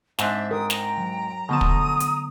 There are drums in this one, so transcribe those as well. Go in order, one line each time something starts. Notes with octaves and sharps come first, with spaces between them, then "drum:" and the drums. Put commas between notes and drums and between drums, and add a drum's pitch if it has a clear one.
G#2 C4 D4 E5 A5, drum: snare
A#4 G5 D#6
A#5, drum: snare
F#3
B2 D3 F3 A3 B3 A5 D#6
drum: kick
drum: hi-hat